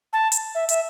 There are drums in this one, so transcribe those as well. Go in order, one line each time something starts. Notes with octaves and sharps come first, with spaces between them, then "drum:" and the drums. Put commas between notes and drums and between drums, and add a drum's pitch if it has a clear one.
A5
drum: hi-hat
E5
E5, drum: hi-hat